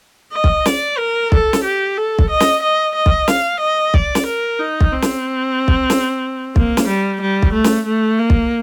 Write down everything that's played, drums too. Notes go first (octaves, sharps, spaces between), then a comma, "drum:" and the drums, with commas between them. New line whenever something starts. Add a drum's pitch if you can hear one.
D#5
drum: kick
D5, drum: snare
A#4
A4, drum: kick
drum: snare
G4
A4
drum: kick
D#5
drum: snare
D#5
D#5
drum: kick
F5, drum: snare
D#5
D5, drum: kick
drum: snare
A#4
D#4
drum: kick
C4
drum: snare
drum: kick
drum: snare
A#3, drum: kick
drum: snare
G3
G3
drum: kick
A3
drum: snare
A3
A#3
drum: kick